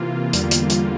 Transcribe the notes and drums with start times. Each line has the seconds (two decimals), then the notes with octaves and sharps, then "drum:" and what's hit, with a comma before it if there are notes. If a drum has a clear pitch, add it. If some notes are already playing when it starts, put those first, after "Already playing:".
Already playing: C3 E3 A#3 F4
0.33 E2 D3 G3 A#3, drum: hi-hat
0.51 drum: hi-hat
0.70 drum: hi-hat